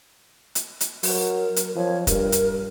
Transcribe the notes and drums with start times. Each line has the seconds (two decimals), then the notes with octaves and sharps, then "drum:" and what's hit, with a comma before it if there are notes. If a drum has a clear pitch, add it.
0.55 drum: hi-hat
0.81 drum: hi-hat
1.03 F#3 A#4, drum: open hi-hat
1.56 drum: hi-hat
1.76 F3 C#5
2.07 G2 A#4, drum: kick, hi-hat
2.32 drum: hi-hat